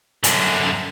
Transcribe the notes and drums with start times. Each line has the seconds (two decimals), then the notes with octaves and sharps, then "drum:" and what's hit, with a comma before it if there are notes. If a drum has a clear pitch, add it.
0.24 F#2 D3, drum: hi-hat